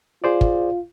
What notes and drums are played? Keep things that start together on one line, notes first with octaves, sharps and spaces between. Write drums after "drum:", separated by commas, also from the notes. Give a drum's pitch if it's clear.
F4 G#4 C5 D5
drum: kick